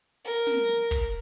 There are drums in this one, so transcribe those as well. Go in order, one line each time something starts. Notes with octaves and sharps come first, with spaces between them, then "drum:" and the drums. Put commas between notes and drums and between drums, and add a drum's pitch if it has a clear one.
A#4
drum: snare
drum: kick